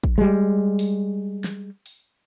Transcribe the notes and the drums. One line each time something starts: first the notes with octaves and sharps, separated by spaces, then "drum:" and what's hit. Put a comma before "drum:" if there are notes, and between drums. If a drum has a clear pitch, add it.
drum: kick A1
G3 G#3
drum: open hi-hat
drum: snare
drum: open hi-hat